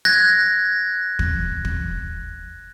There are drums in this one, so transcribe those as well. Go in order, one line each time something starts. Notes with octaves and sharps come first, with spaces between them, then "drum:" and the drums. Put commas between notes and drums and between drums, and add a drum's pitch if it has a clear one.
F#6 G#6 A#6
drum: kick
drum: kick